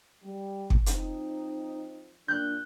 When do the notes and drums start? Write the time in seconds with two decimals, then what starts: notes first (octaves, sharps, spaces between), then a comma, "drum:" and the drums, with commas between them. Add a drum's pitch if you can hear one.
0.23 G3
0.70 drum: kick
0.86 F3 C4 D#4, drum: hi-hat
2.28 A#2 D4 F#6 G6